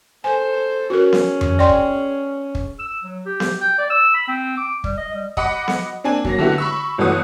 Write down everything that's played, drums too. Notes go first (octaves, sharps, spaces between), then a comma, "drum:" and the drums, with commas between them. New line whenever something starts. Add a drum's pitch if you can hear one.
A4 C5 G#5
C#4 F#4 G#4 A#4
drum: snare B3
drum: tom F2
D5 G5 C6
drum: kick
drum: kick
E6
F#3
G4
drum: snare B3
G5
D5
E6
B5
C4
D6
G3, drum: kick
D#5
G3
D#5 F#5 B5 D6, drum: kick
drum: snare B3
A#3 C4 D4 G#5
F#3 A#3 A#6, drum: kick
D3 A3 B3 E4 F#4 G4
B5 C#6 E6
G1 E3 A3 F#4 D#6